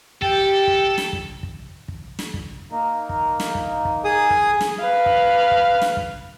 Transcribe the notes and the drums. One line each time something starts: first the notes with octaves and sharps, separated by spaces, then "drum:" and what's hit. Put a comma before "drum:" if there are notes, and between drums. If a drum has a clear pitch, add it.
G4 A4 G5, drum: kick
drum: kick
drum: snare
drum: kick
drum: kick
drum: kick
drum: snare
drum: kick
A#3 D#4 A#4
drum: kick
drum: snare
drum: kick
drum: kick
G#4 D#6
drum: kick
drum: snare
B4 F5
drum: kick
drum: kick
drum: snare
drum: kick